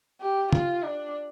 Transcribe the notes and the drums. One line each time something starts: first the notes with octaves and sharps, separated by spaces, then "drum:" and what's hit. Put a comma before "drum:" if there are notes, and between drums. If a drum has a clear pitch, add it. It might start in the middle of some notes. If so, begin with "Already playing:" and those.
G4
F4, drum: tom
D4